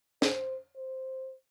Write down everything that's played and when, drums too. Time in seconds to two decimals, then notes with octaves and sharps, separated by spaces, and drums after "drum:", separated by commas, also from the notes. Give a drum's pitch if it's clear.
0.22 C5, drum: snare
0.77 C5